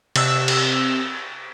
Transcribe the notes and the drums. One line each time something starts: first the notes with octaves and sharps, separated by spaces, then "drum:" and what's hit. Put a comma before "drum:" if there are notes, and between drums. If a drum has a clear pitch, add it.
C3 E6, drum: cymbal
drum: cymbal